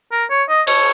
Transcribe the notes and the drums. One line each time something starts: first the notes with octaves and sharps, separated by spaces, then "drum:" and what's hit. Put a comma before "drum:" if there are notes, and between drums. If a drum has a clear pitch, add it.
A#4
C#5
D#5
C#5, drum: cymbal